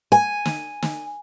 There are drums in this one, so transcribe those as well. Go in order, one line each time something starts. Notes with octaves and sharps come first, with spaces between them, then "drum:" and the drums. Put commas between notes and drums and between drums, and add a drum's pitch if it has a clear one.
G#5
drum: snare
drum: snare